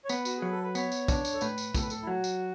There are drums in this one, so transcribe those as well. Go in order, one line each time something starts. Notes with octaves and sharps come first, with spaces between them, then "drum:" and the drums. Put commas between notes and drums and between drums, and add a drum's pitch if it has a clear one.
C#5
B3 B4, drum: tambourine
F#4, drum: tambourine
F#3 G#4
A4
B4
B3 C#5, drum: tambourine
drum: tambourine
D4, drum: kick, tambourine
drum: tambourine
A4
A2 B4, drum: tambourine
drum: tambourine
A2 A4, drum: kick, tambourine
B4
A4, drum: tambourine
E4
F#3 F#4
drum: tambourine